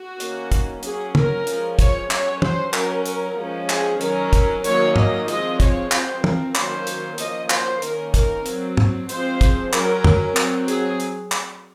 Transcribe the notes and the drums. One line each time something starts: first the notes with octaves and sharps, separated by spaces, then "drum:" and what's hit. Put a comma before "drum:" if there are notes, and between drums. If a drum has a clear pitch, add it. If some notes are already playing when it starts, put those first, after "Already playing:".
Already playing: F#4
D#3 A#3 C#4, drum: hi-hat
drum: kick, hi-hat
F#3 C#4 G#4, drum: hi-hat
A#4, drum: tom
F3 G#3 C#4, drum: hi-hat
C#5, drum: kick, hi-hat
F#3 C#4 C#5, drum: clap
C5, drum: tom
F#3 C#4 A#4, drum: clap
A#4, drum: hi-hat
F3 G#3 C#4
G#4, drum: clap
D#3 F#3 C#4 A#4, drum: hi-hat
drum: kick, hi-hat
D#3 F#3 A#3 C#4 C#5, drum: hi-hat
D#5, drum: tom
F3 G#3 C4 D#5, drum: hi-hat
C#5, drum: kick, hi-hat
F3 C4 C5, drum: clap
A#4, drum: tom
D#3 F#3 A#3 C#4 C5, drum: clap
drum: hi-hat
F3 A#3 C#4 D#5, drum: hi-hat
C5, drum: clap
D#3 A#3 C#4 A#4, drum: hi-hat
A#4, drum: kick, hi-hat
F#3 C4, drum: hi-hat
drum: tom
F3 G#3 C4 C5, drum: hi-hat
drum: kick, hi-hat
F#3 C#4 A#4, drum: clap
drum: tom
F#3 C4, drum: clap
G#4, drum: hi-hat
drum: hi-hat
drum: clap